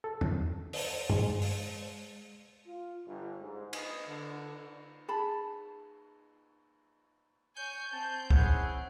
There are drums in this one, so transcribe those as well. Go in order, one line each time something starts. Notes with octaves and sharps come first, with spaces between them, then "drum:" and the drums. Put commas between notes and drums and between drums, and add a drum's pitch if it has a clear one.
A4
drum: tom E2
drum: open hi-hat
G#3, drum: tom G2
drum: open hi-hat
F4
G1
G#2
D#5, drum: cymbal
D3
G#4 A5 B5
C#5 G#5 G6
C4 A5
E4 G#4 C#5 F#5, drum: kick